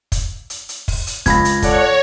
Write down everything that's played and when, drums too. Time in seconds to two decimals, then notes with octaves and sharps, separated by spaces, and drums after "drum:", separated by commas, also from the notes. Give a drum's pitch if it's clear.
0.12 drum: kick, hi-hat
0.50 drum: hi-hat
0.69 drum: hi-hat
0.88 drum: kick, open hi-hat
1.07 drum: hi-hat
1.26 C#2 B5 G#6 A#6, drum: kick, hi-hat
1.45 drum: hi-hat
1.62 A4 C#5 D5 F#5, drum: kick, hi-hat